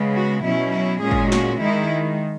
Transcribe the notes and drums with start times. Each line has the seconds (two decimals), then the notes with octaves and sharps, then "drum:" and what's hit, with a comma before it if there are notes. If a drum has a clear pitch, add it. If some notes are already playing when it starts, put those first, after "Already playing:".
Already playing: C#3 G#3 B3
0.14 F#4
0.44 B2 F#3 C#4 E4
0.73 E4
1.02 A#2 G#3 C#4 G#4
1.11 drum: kick
1.32 F#4, drum: snare
1.61 D#3 G#3 D#4 E4